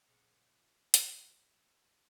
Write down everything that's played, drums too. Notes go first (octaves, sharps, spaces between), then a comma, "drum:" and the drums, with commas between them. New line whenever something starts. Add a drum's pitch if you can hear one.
A#2 C#3 F3 F#5
F#3 F4 B4, drum: hi-hat
F#3